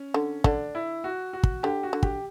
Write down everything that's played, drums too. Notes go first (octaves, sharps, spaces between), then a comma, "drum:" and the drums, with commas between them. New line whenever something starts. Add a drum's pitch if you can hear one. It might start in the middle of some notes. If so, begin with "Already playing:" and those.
Already playing: C#4
D3
D3 D4, drum: kick
E4
F#4
F#4
drum: kick
D3 G4
F#4
D3
G4, drum: kick